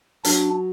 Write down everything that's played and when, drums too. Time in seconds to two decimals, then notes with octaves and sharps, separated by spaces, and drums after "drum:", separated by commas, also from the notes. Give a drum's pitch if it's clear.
0.25 F#3 D4, drum: hi-hat